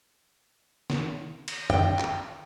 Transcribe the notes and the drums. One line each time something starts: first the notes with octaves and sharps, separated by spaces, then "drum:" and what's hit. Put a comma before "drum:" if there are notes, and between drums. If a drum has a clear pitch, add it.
drum: snare
drum: cymbal
G5, drum: tom
drum: clap